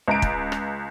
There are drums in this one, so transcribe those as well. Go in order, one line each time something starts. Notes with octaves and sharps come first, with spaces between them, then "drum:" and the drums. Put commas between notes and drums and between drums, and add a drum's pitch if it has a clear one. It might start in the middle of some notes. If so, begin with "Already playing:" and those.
C#2 A#5 D7
drum: kick
drum: rim click